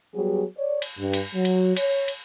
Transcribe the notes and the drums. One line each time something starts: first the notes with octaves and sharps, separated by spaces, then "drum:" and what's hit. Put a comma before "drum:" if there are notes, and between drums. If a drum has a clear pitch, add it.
F#3 G3 B3 F#4 G#4
C#5 D5
drum: cymbal
G2
drum: cymbal
F#3
drum: cymbal
C#5, drum: cymbal
drum: cymbal